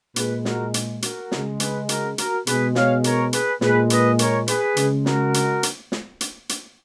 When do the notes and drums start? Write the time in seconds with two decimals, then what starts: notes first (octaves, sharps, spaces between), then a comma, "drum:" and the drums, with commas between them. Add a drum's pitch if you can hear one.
0.16 A#2 G#3 G#4 B4, drum: hi-hat
0.45 F#4 A#4, drum: snare
0.74 drum: hi-hat
1.02 F#4 A#4, drum: hi-hat
1.32 C#3 G#3, drum: snare
1.60 G#4 B4, drum: hi-hat
1.89 F#4 A#4, drum: hi-hat
2.18 F#4 A#4, drum: hi-hat
2.47 B2 G#3 G#4 B4, drum: hi-hat
2.75 C#5 F5, drum: snare
3.04 A#4 C#5, drum: hi-hat
3.33 G#4 B4, drum: hi-hat
3.61 A#2 G#3 G#4 B4, drum: snare
3.90 B4 D#5, drum: hi-hat
4.19 A#4 C#5, drum: hi-hat
4.48 G#4 B4, drum: hi-hat
4.77 C#3 G#3, drum: hi-hat
5.06 F#4 A#4, drum: snare
5.34 drum: hi-hat
5.63 drum: hi-hat
5.92 drum: snare
6.21 drum: hi-hat
6.49 drum: hi-hat